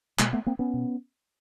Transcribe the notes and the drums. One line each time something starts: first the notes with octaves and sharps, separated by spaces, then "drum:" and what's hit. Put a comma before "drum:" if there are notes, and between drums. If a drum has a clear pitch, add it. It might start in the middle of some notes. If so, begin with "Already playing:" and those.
B2 G#3 A#3, drum: clap
A3 B3
A#3 C4
B3 C#4
B2